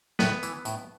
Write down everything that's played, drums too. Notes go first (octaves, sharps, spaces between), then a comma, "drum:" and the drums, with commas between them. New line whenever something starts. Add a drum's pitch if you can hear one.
A2 B3 B4, drum: snare
E3, drum: hi-hat
A2, drum: hi-hat